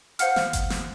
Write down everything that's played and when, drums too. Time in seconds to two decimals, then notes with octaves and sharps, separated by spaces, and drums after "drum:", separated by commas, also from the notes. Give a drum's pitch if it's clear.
0.19 C5 F5 F#5 F6, drum: hi-hat
0.36 drum: snare
0.53 drum: kick G1, hi-hat
0.70 drum: snare